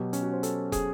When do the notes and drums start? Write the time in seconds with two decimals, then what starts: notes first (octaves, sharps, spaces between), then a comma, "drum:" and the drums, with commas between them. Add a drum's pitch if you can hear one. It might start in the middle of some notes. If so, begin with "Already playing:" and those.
Already playing: B2 F#3 G4
0.13 C#4, drum: hi-hat
0.23 F#4
0.33 C5
0.43 A4, drum: hi-hat
0.72 G#4, drum: kick, hi-hat